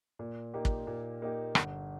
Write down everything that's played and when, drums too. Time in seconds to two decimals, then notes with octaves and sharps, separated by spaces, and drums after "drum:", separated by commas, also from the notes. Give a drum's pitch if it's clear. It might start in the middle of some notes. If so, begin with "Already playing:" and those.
0.19 A#2
0.54 A#3 D#4 G4
0.65 drum: kick
0.87 A#2
1.22 A#3 D#4 G4
1.55 G1, drum: rim click